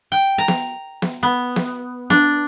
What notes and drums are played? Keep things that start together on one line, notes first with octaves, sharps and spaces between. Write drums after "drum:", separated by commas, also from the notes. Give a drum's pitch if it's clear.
G5
A#5
drum: snare
drum: snare
B3
drum: snare
D4, drum: snare